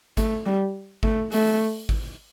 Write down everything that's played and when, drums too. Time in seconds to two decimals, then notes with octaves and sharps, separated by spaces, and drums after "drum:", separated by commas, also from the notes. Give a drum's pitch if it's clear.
0.17 A3, drum: kick G#1, hi-hat
0.46 G3
1.03 A3, drum: kick G#1
1.32 A3, drum: open hi-hat
1.89 drum: kick G#1